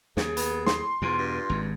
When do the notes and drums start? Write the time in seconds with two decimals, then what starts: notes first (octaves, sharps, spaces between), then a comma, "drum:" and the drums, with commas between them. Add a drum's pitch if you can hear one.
0.17 D#2 C#3 G#4, drum: snare
0.37 B3, drum: hi-hat
0.67 A2 C6, drum: snare
1.02 E2 G#2 B2 F4
1.18 G2
1.50 G#1 G#2